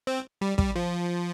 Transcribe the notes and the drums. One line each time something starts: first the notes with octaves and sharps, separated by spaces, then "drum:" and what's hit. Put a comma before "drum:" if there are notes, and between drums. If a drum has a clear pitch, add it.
C4
G3
G3, drum: kick
F3